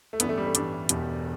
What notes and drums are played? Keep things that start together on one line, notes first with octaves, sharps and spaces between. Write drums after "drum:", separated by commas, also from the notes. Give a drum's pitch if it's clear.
A3
A1 G2 E3 B3, drum: hi-hat
A3
G3
A3
A1 G2 E3 D4, drum: hi-hat
E1 E2 B2 B3 G4, drum: hi-hat